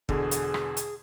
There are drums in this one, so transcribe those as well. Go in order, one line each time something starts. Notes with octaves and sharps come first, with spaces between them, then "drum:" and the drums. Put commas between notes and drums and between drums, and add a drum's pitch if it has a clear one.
E2 B2 D3 G#4, drum: kick
drum: hi-hat
drum: rim click
drum: hi-hat